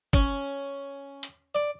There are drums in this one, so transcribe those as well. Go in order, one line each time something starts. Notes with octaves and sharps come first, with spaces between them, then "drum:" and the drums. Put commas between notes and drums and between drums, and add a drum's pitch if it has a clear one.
C#4, drum: kick
drum: hi-hat
D5